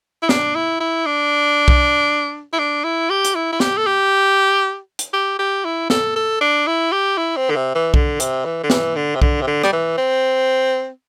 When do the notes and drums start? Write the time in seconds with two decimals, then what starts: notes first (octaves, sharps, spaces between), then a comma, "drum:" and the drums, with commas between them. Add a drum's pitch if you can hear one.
0.22 E4
0.29 D4, drum: snare
0.55 E4
0.80 E4
1.06 D4
1.68 drum: kick B1
2.53 E4
2.59 D4
2.84 E4
3.10 G4
3.25 drum: hi-hat
3.35 E4
3.52 E4
3.60 G4, drum: snare
3.77 A4
3.86 G4
4.99 drum: hi-hat
5.13 G4
5.39 G4
5.65 E4
5.90 A4, drum: snare
6.16 A4
6.41 D4
6.67 E4
6.92 G4
7.18 E4
7.36 C4
7.50 D3
7.56 C3
7.75 E3
7.94 D3, drum: kick B1
8.20 C3, drum: hi-hat
8.45 E3
8.63 D3
8.70 E3, drum: snare
8.96 D3
9.15 C3
9.22 D3, drum: kick B1
9.41 C3
9.47 D3
9.63 G3, drum: rim click
9.72 E3
9.97 C4